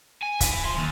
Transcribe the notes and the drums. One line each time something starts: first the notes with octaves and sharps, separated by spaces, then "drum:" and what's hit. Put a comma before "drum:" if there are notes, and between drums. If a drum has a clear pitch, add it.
G#5
E5 G#5, drum: kick C#1, hi-hat
F3 C6
D#2